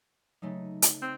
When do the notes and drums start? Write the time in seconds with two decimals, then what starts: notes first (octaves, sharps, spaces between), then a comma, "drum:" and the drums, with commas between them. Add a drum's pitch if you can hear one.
0.42 C#3 F#3 A3 D#4
0.82 drum: hi-hat
1.02 C4 G6